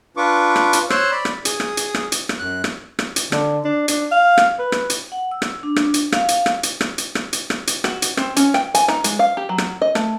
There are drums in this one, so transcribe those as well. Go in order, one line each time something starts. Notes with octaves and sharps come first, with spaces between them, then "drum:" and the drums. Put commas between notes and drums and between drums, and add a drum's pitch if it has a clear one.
D4 F4 B4 C#6 D6
drum: rim click
drum: hi-hat
C5 C#5 C6 E6 F#6, drum: rim click
D5 B5
drum: rim click
G#4 D#6, drum: hi-hat
drum: rim click
drum: hi-hat
drum: rim click
drum: hi-hat
drum: rim click
F#2 F#6
drum: rim click
drum: rim click
drum: hi-hat
D3, drum: rim click
D4
D4, drum: hi-hat
F5
drum: rim click
B4
drum: rim click
drum: hi-hat
F#5
E6
drum: rim click
D4
drum: rim click
drum: hi-hat
F5, drum: rim click
drum: hi-hat
drum: rim click
drum: hi-hat
drum: rim click
drum: hi-hat
drum: rim click
drum: hi-hat
drum: rim click
drum: hi-hat
F#4, drum: rim click
drum: hi-hat
C4, drum: rim click
C#4, drum: hi-hat
G5, drum: rim click
G#5, drum: hi-hat
D#4, drum: rim click
G#3, drum: hi-hat
F5
G4
F#3
drum: rim click
D#5
A3, drum: rim click